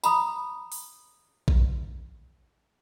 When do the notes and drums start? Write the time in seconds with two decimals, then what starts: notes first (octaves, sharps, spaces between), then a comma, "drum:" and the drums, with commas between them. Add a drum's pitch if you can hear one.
0.04 A#5 B5 D#6, drum: tambourine
0.72 drum: open hi-hat
1.48 drum: kick A#1